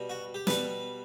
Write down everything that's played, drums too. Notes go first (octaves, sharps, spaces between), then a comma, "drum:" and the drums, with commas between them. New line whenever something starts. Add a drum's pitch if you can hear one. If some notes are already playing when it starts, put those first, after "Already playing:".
Already playing: B2 G3
F#4
G4
B2 G3 B4, drum: snare